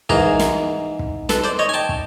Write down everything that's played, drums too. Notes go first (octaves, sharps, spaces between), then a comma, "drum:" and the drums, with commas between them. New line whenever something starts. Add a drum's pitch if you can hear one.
G#2 E3 G#4 A#4, drum: kick
drum: snare
drum: kick
A4 B4, drum: snare
C5 D5
C#5 D#5
G#5
G5 A5
drum: kick